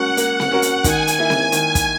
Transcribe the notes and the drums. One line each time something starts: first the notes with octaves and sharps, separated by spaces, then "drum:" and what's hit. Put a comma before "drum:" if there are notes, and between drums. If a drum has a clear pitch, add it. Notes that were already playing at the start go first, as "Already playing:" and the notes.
Already playing: A#3 C#4 F#4 A#4 F#5
A#3, drum: hi-hat
drum: snare C4
C#4 F#4 A#4
drum: hi-hat
D#3 G#5, drum: kick, hi-hat
drum: hi-hat
A#3 E4
drum: snare C4
D#3, drum: hi-hat
drum: kick, hi-hat